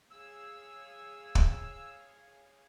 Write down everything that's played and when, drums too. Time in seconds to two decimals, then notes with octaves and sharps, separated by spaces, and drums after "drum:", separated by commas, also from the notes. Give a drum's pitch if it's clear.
0.11 G#4 C#5 F5 E6
1.35 drum: kick